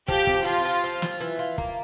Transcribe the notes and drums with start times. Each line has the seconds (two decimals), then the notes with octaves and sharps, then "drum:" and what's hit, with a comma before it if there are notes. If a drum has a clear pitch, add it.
0.08 F3 G4, drum: kick
0.27 C4, drum: kick
0.45 F3 F4
0.65 F3
0.84 C4
1.02 F4, drum: snare
1.21 E3
1.39 F4
1.58 A#3, drum: kick